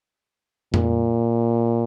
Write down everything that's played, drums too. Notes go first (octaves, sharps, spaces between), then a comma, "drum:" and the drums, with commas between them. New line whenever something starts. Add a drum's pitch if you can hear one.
A#2, drum: tom F2